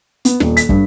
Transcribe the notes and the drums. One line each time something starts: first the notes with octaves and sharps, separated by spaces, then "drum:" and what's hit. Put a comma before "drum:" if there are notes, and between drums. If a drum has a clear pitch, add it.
B3, drum: hi-hat
D#1, drum: snare
B6, drum: hi-hat
G2, drum: kick